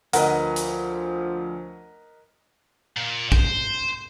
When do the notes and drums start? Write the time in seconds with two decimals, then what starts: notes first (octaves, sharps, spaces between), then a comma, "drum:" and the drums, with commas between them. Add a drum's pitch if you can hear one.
0.13 D2 F3 A#4 B4 D#5 F#5, drum: hi-hat
0.56 drum: hi-hat
2.97 A#2
3.32 C5, drum: kick